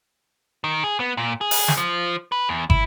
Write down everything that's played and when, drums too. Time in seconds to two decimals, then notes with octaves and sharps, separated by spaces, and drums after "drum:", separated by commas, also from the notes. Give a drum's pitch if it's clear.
0.64 D#3
0.84 G#4
1.00 B3
1.17 A#2
1.41 G#4
1.51 drum: open hi-hat
1.68 drum: snare
1.78 F3
2.32 B4
2.49 E2
2.70 E4, drum: kick